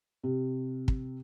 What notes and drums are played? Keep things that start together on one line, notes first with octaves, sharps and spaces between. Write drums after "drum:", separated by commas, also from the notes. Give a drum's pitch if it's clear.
C3
drum: kick